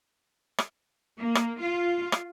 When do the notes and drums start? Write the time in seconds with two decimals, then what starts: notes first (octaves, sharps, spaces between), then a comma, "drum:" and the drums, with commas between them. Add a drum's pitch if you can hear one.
0.58 drum: rim click
1.18 A#3
1.35 drum: rim click
1.61 F4
2.12 drum: rim click